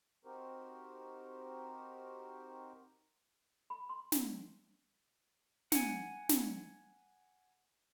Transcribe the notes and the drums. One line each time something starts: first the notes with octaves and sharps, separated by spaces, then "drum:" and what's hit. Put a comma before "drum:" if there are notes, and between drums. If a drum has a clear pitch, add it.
C4 D#4 F#4 G4 A#4 C5
B5
C6
D4, drum: snare
F#5 G#5, drum: snare
drum: snare